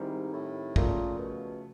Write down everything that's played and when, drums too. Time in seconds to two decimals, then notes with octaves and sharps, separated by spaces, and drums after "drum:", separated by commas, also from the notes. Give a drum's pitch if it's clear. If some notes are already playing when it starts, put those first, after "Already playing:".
Already playing: G#2 D#3 G3 C4 E4
0.33 A2
0.76 A#2 C#3 F3 A3, drum: kick
1.19 B2